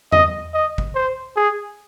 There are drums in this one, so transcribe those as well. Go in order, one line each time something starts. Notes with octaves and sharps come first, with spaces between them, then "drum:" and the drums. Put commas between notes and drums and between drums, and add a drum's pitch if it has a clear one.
D#5, drum: tom E2
D#5
drum: kick
C5
G#4